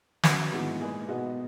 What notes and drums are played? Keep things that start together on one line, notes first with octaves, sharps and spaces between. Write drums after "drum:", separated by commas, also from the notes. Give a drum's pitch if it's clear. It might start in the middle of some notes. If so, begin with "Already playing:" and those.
F#3 C#4 F#4 B4, drum: snare
G#2 E3 G#3 B3 F#4
A#2 G#3 D#4 G#4 B4
B2 G#3 B3 D#4 F#4